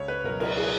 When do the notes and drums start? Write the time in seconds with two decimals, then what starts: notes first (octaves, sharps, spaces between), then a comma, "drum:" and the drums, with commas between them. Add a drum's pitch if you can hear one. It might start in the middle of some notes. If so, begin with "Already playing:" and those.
Already playing: C#2 C#5
0.08 B4
0.24 B2 F#3 A#4
0.40 A#4, drum: cymbal
0.57 G#4